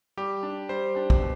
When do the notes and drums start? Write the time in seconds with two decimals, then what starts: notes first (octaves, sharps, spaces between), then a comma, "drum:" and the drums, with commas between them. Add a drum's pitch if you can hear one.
0.17 G3 G4
0.43 D4 G4
0.69 G3 C5
0.95 D4 G4
1.10 drum: kick
1.20 B2